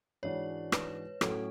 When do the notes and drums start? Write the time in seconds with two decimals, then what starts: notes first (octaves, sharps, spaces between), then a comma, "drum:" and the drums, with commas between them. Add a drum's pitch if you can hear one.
0.23 G#2 E3 G#3 D4 F#4 C#5
0.72 B4, drum: rim click
1.21 A2 F#3 C#4 A4, drum: rim click